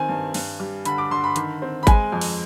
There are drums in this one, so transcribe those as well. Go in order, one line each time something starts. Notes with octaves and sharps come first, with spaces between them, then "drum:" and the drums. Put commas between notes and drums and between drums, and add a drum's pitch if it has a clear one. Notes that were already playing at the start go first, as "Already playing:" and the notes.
Already playing: D#3 C4 G#5
G2
G2, drum: open hi-hat
G3
D3 B5, drum: hi-hat
D6
D3 C6
B5
D#3, drum: hi-hat
C4
B5
G#3 G#5, drum: kick G#1, hi-hat
F2
drum: open hi-hat